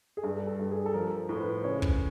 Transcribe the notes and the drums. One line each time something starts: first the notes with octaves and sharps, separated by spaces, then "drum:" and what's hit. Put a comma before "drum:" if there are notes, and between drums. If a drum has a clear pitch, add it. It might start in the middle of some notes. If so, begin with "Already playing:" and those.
G#4
G2 A4
A4
G2 G4
G#4
A4
F3 A#4
A2
C5
B4
C#3 C#5
drum: kick